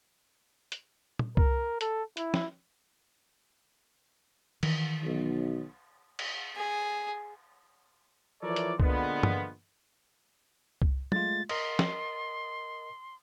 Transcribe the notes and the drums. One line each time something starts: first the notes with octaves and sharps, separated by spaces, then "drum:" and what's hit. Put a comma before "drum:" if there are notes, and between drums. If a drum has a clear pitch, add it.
drum: hi-hat
drum: tom
A#4, drum: kick C2
A4, drum: hi-hat
E4, drum: hi-hat
drum: snare
D#3 E3, drum: cymbal
B1
drum: cymbal
G#4
E3 F3 A4 A#4 C#5 D5
drum: hi-hat
A#2 D3 F3 G#3 B3, drum: kick C2
drum: tom G2
drum: kick C2
G#3 A3 F4 A6, drum: tom
A#4 D#5 C6, drum: cymbal
drum: snare